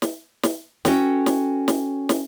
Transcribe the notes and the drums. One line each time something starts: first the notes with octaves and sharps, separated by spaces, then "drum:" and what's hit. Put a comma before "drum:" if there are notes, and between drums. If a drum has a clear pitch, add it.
drum: snare
drum: snare
C#4 F#4 A4 B4 G5, drum: snare
drum: snare
drum: snare
drum: snare